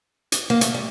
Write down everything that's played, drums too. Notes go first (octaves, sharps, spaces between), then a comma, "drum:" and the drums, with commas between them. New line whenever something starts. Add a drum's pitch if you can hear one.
drum: hi-hat
A#3
A3, drum: hi-hat
G3